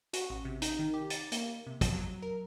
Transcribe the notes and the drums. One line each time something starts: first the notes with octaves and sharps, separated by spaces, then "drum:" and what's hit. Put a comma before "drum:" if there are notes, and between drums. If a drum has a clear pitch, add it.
F#4, drum: hi-hat
A1
C3
D#4, drum: hi-hat
D#3
G4
A6, drum: hi-hat
A#3, drum: hi-hat
C3
F3, drum: kick, hi-hat
F#3
A#4